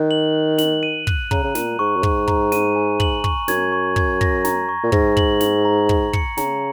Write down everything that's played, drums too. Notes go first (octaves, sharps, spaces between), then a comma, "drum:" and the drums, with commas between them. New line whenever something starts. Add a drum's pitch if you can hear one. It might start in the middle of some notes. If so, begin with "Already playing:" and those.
Already playing: D#3 F#6
F#7
F#6
F#7, drum: snare
D#7
F#6, drum: kick
C#3 A#5, drum: kick
C#3
A#2 D#7, drum: snare
G#2 C#6
F#2
G#2 C#6, drum: kick
A#5, drum: kick
D#7, drum: snare
G#5
F#7, drum: kick
C#6, drum: kick
F#2 G#6, drum: snare
C#6
G#6, drum: kick
A#6, drum: kick
A#5, drum: snare
C#6
A#2
G#2 A#6, drum: kick
F#7, drum: kick
F#7, drum: snare
A#5
A#5, drum: kick
C#7, drum: kick
C#3 A#5, drum: snare